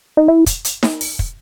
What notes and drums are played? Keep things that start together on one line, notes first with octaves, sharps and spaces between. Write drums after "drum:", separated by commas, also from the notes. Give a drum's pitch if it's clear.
D#4
E4
drum: kick, hi-hat
drum: hi-hat
drum: snare D#4
drum: open hi-hat
drum: kick